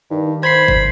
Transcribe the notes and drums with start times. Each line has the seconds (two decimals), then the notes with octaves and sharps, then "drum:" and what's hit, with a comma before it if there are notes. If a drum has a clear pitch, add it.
0.10 G2 D#3
0.43 C5 B5 G#6 C7
0.68 drum: kick G1